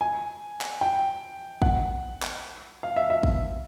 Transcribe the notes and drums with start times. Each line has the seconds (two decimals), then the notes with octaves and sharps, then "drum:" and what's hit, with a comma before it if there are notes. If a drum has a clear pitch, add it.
0.01 G#5
0.61 drum: clap
0.81 G5
1.62 F#5, drum: kick
2.23 drum: clap
2.83 F5
2.96 E5
3.10 E5
3.23 drum: kick